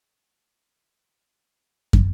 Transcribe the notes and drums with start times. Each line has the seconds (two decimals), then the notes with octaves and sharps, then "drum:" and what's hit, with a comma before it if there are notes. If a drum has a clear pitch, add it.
0.22 A2 E3 A#4
1.93 drum: kick